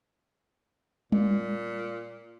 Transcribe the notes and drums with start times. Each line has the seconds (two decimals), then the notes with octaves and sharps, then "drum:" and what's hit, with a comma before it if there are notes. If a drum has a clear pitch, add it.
1.12 A#2, drum: tom G3